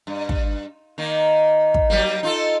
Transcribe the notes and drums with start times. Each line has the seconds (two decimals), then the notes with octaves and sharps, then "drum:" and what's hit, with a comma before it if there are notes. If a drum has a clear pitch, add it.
0.07 G2
0.29 drum: kick
0.98 D#3 A#3
1.74 drum: kick
1.90 F#3 G3 A#3
2.23 D#4 F4 A4